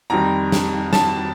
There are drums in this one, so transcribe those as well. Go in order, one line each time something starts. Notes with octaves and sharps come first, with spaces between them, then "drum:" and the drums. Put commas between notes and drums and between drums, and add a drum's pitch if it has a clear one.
F2 D#3 G3 C4 A#5
drum: snare
A5, drum: snare